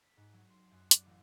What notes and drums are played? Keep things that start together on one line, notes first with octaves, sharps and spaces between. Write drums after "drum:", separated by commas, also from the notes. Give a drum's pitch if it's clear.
B6
G#2
F#3
C6
F#2
D5, drum: hi-hat
A1